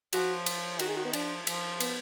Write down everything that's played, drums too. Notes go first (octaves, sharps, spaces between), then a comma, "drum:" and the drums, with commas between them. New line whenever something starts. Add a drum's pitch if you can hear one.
F3 F#4, drum: cymbal
drum: cymbal
D#3 F#4, drum: cymbal
G#4
F#4
B3
F3 D4, drum: cymbal
F3, drum: cymbal
B3, drum: cymbal